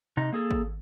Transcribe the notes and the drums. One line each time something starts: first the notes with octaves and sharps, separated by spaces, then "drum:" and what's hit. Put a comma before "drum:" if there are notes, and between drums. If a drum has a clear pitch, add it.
C3 D#4
A#3 G#4 A4
drum: kick G#1